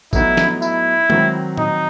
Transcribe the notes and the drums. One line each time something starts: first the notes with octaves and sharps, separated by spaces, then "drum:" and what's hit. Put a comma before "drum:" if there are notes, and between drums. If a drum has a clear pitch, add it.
A2 F#3 B3 D#4 E4, drum: kick, tambourine
drum: snare
E4, drum: tambourine
D#3 F#3 C4, drum: tom G#3
D#4, drum: tom A2